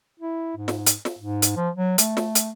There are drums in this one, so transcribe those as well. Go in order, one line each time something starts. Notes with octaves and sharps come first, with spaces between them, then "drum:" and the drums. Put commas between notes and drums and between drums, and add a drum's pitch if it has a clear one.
E4
G#2
drum: snare
drum: hi-hat
drum: snare
G#2
drum: hi-hat
F3
F#3
A3, drum: hi-hat
drum: snare
drum: hi-hat